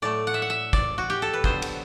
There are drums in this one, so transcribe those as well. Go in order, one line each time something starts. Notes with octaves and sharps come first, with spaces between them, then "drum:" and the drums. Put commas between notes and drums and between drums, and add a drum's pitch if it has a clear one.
A2 F#3 A3 D5
F#5
E5
F#5
E5
D5, drum: kick
F#4
G4
A4
B4
D3 F#3 B3 C5, drum: kick
drum: cymbal